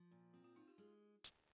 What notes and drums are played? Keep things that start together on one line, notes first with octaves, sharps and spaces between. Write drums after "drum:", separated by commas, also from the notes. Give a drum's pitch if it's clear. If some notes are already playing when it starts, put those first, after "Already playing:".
Already playing: F3
A#2
C4 F4
F4
D#4 F4
G4
G#3 G#4
drum: hi-hat